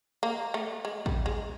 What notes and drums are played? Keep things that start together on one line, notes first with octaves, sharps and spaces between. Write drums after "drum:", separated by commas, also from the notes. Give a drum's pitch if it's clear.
A#3
A3
G#3
G3, drum: kick
G#3